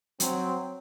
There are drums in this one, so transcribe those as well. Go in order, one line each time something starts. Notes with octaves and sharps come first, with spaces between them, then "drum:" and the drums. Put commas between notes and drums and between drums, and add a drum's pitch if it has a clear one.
F#3 C4, drum: hi-hat